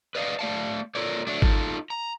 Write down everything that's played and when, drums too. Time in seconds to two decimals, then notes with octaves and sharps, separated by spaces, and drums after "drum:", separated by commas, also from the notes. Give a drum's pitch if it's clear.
0.15 B4 D5 D#5 F5
0.39 A3 D5 F5 A5
0.95 F4 A4 A#4 C#5 D5
1.27 F#3 A3 D4
1.42 D#4 F4 A4, drum: kick G#1
1.90 A#5